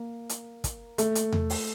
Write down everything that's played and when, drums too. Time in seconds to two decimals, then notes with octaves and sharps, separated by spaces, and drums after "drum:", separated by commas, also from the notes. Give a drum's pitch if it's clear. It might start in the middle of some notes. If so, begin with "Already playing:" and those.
Already playing: A#3
0.29 drum: hi-hat
0.64 drum: kick, hi-hat
0.98 A3, drum: hi-hat
1.15 drum: hi-hat
1.32 drum: tom E2
1.50 drum: open hi-hat